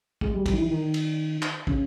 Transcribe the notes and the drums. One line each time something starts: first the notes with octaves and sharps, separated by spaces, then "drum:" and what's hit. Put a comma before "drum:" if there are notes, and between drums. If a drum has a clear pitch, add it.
G#3, drum: kick
G3
G3, drum: kick, cymbal
D#3
E3
D#3
drum: cymbal
drum: clap
C#3, drum: kick